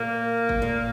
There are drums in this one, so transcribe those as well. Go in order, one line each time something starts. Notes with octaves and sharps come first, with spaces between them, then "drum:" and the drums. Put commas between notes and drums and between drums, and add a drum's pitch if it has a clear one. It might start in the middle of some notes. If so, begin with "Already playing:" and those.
Already playing: A#2 A#3
drum: kick G1
A#2